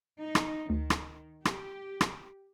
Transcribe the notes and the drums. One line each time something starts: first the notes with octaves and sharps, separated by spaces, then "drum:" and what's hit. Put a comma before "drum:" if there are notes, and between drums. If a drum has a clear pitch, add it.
D#4
drum: rim click
D2 D#3
drum: rim click
G4, drum: rim click
drum: rim click